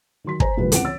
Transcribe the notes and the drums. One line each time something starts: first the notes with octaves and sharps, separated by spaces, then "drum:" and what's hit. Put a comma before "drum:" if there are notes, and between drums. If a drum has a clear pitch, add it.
D#3 F#3 C6 B6
C5 G#5 A#5, drum: kick
E1 D2 F3 G3 B4
C#2 E3 C4 F#5 D7, drum: hi-hat
C#5 E6 A6